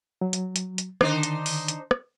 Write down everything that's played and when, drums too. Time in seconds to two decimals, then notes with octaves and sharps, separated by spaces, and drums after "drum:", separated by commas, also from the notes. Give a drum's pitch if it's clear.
0.21 F#3
0.33 drum: hi-hat
0.56 drum: hi-hat
0.78 drum: hi-hat
1.01 D3 D#3 D4 D#4 C5, drum: rim click
1.23 drum: hi-hat
1.46 drum: open hi-hat
1.68 drum: hi-hat
1.91 drum: rim click